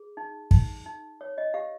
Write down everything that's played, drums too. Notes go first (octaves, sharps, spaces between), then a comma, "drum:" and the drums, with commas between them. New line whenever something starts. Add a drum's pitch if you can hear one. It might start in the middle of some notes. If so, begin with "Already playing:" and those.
Already playing: G#4
D#4
D#4, drum: kick
D#4
C#5
D#5
G4 F5